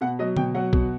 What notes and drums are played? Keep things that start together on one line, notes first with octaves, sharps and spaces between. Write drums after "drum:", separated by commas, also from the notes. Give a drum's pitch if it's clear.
B2 F#5
F#3 D#5
B2 G5, drum: tom D3
F#3 F#5
B2, drum: kick